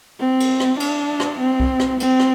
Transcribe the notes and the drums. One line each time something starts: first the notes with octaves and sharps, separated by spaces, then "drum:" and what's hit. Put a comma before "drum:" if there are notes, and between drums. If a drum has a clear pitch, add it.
C4
drum: cymbal
drum: rim click
D4, drum: cymbal
drum: rim click
C4
drum: kick C2
drum: rim click
C4, drum: cymbal
drum: rim click